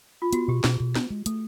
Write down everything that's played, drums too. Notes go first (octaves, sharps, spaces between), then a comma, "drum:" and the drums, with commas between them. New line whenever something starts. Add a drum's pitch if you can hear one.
F4
B3 F#4, drum: hi-hat
B2 G4
B2 G#4, drum: snare
B2
B3, drum: snare
G#3
A3 A4, drum: hi-hat